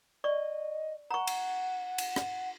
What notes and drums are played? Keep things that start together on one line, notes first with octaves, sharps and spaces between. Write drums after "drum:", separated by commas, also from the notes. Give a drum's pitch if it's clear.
D5 D#5 C#6
F#5 A#5 C#6
drum: cymbal
drum: cymbal
drum: rim click